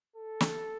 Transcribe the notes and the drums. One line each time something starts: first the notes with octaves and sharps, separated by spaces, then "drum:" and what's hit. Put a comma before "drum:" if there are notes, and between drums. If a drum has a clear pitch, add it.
A4
drum: snare